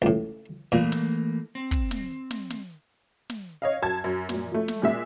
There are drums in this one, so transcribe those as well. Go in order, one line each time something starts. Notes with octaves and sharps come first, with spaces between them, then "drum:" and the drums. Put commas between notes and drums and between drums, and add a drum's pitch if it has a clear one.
C#2 A2
A#2 E3 A3 A#3
drum: snare
C4
drum: kick
drum: snare
drum: snare
drum: snare
drum: snare
C#5 D#5 F5
F#2 A5 G#6
F#2
F#2 A#2, drum: snare
F3 A3
drum: snare
A#2 G#3 E5 E6